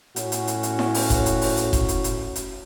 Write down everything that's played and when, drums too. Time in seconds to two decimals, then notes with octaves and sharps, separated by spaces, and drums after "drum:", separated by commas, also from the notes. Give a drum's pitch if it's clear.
0.16 A2 C#4 F#4, drum: hi-hat
0.32 drum: hi-hat
0.47 drum: hi-hat
0.63 drum: hi-hat
0.79 drum: snare E4
0.94 drum: open hi-hat
1.10 drum: kick F1, hi-hat
1.26 drum: hi-hat
1.41 drum: open hi-hat
1.57 drum: hi-hat
1.73 drum: kick F1, hi-hat
1.88 drum: hi-hat
2.04 drum: hi-hat
2.35 drum: hi-hat